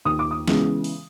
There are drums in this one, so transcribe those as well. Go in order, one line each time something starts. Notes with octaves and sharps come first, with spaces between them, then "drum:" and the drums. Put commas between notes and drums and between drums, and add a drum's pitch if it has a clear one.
D#2 D#6
D6
D#6
C#3 E3 G#3 B3, drum: snare
drum: open hi-hat